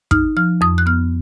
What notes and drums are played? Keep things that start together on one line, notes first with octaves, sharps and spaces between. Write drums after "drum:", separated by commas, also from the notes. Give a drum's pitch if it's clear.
D#4 F6, drum: kick
F3 F6
F2 D#6
F#6
B3 F6